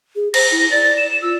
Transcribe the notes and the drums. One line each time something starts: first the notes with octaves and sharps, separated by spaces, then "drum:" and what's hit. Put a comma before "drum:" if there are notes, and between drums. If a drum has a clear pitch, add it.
G#4
C5 A#6, drum: cymbal
E4
D5 A6
E7
F4 E6